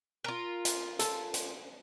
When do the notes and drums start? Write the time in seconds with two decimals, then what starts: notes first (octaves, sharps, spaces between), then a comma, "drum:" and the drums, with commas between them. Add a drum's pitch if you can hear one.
0.24 F4 A#4
0.65 drum: hi-hat
0.99 A4, drum: hi-hat
1.34 drum: hi-hat